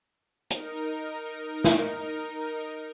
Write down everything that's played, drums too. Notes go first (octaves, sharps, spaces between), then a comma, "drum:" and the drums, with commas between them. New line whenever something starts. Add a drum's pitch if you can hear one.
D#4 A#4, drum: hi-hat
drum: snare